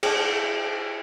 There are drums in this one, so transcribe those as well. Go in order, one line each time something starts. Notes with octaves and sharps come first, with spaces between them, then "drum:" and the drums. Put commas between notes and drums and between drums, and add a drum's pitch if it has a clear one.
G#4, drum: cymbal